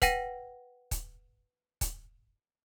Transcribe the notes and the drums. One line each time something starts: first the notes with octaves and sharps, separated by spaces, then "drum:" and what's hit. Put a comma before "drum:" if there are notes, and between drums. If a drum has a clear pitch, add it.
B4 F#5 G5 A#6 D#7, drum: kick, hi-hat
drum: kick, hi-hat
drum: kick, hi-hat